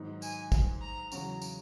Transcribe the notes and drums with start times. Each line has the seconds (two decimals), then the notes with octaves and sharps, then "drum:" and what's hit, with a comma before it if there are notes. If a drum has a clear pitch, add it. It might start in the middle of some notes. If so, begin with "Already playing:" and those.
Already playing: G#2 D#3 F#3 B3 D#4
0.22 G#5, drum: tambourine
0.52 drum: kick, tambourine
0.81 A#5
1.12 E2 C#3 F#3 C#4 F#4 A#5, drum: tambourine
1.42 drum: tambourine